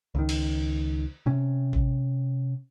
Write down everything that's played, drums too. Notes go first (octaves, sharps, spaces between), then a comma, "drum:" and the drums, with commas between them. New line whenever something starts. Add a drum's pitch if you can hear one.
C#2 D#3
drum: cymbal
C3 C#4
drum: kick A1